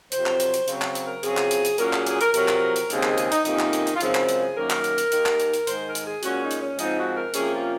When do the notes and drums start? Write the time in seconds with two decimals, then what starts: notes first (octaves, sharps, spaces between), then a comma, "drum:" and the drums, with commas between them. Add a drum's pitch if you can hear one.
0.12 F2 C3 F#3 C5, drum: hi-hat
0.26 drum: clap
0.40 drum: hi-hat
0.54 drum: hi-hat
0.68 C#3 F#3 C4, drum: hi-hat
0.82 drum: clap
0.95 drum: hi-hat
1.05 A#4
1.23 F2 C#3 F#3 C4 G#4, drum: hi-hat
1.37 drum: clap
1.51 drum: hi-hat
1.65 drum: hi-hat
1.78 A#2 F#3 A#3 C#4 A#4, drum: hi-hat
1.93 G#4, drum: clap
2.07 G#4, drum: hi-hat
2.21 A#4, drum: hi-hat
2.34 F2 C3 F#3 A#4, drum: hi-hat
2.48 drum: clap
2.76 drum: hi-hat
2.90 D#2 C#3 G#3 C4, drum: hi-hat
3.03 G#4, drum: clap
3.18 G#4, drum: hi-hat
3.32 D#4, drum: hi-hat
3.45 F2 C3 D#3 A#3 C#4 D#4, drum: hi-hat
3.59 drum: clap
3.73 drum: hi-hat
3.87 drum: hi-hat
3.96 F4
4.01 F#2 C#3 F3 G#3 C4 D#4, drum: hi-hat
4.15 drum: clap
4.29 drum: hi-hat
4.38 G#4
4.56 F#2 D#3 A#3 C#4 A#4
4.70 drum: clap
4.84 drum: hi-hat
4.98 drum: hi-hat
5.12 D#2 D#3 A#3, drum: hi-hat
5.26 drum: clap
5.40 drum: hi-hat
5.54 drum: hi-hat
5.67 G#2 D#3 G#3 C5, drum: hi-hat
5.86 A#4
5.95 drum: hi-hat
6.04 G#4
6.23 A#2 G#3 C#4 F#4, drum: hi-hat
6.41 D#4
6.51 drum: hi-hat
6.60 C#4
6.79 G#2 F3 C4 D#4, drum: hi-hat
6.97 F#4
7.15 A#4
7.34 C3 F3 A#3 C#4 G#4, drum: hi-hat
7.52 F4